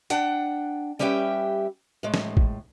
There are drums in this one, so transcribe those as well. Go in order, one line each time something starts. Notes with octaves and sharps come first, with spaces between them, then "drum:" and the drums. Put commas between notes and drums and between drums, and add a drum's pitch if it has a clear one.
D4 F#5 G5, drum: hi-hat
G3 C#4 G4 B4 E5 G5
A2 G#3
drum: snare
drum: kick